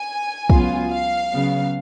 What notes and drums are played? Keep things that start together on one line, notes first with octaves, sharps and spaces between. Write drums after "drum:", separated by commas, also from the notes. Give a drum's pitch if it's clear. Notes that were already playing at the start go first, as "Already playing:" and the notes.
Already playing: G#5
C#2 C#3 F#3 B3 F4, drum: kick
F5
C#3 F#3 B3